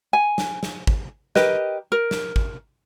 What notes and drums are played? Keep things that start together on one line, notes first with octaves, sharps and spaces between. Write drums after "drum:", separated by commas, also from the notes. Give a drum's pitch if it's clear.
G#5
drum: snare
drum: snare
drum: kick
G4 A#4 B4 D#5, drum: snare
A#4
drum: snare
drum: kick